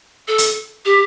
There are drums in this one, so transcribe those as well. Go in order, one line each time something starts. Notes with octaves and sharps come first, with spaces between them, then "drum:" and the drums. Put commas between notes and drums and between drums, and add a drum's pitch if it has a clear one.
A4
drum: hi-hat
G4